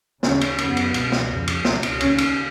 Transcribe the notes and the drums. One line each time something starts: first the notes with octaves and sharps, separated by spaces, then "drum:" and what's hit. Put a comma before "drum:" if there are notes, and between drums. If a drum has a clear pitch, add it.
D#2 C#3 C#4, drum: snare
drum: cymbal
F#2 C#3 B3, drum: cymbal
drum: cymbal
C#2 B2, drum: cymbal
drum: snare
F2 C#3
drum: cymbal
C#2 B2, drum: snare
drum: cymbal
D#2 C#3 C#4, drum: cymbal
drum: cymbal